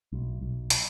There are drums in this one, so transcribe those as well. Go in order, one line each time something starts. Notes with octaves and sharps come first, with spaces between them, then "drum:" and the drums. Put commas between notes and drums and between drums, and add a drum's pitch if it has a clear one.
B1
B1
drum: hi-hat